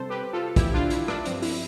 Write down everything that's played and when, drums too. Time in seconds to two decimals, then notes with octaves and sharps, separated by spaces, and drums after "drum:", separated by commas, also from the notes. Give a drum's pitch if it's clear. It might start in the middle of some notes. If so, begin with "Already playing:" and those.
Already playing: C3 G3 C4 A4 C5
0.10 G4 B4
0.33 F4 A4
0.56 E4 G4, drum: kick, hi-hat
0.73 D4 F4
0.90 E4, drum: hi-hat
1.08 D4, drum: rim click
1.25 G2 F3 C4, drum: hi-hat
1.42 E4, drum: open hi-hat